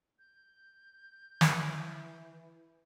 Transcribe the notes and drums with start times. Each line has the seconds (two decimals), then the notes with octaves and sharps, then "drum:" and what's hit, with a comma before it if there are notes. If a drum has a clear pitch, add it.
0.19 G6
1.41 drum: snare
1.57 E3